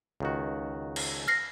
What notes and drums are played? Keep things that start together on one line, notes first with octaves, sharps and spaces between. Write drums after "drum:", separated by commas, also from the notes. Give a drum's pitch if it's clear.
C#2 D#3 F#4
drum: cymbal
F6 A#6 C7